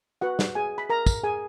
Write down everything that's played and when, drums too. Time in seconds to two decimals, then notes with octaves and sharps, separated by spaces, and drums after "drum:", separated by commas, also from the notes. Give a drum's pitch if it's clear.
0.21 F#4 B4 F#5
0.39 drum: snare
0.55 G#4 G#5
0.78 B5
0.90 A#4 A#5
1.06 drum: kick, tambourine
1.23 G#4 G#5